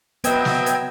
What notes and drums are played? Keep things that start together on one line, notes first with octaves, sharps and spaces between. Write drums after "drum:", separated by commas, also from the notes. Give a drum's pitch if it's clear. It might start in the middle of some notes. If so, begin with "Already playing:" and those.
F#3 B3 C4 B4 D#5 E5 G5 G#6, drum: hi-hat
drum: snare
drum: hi-hat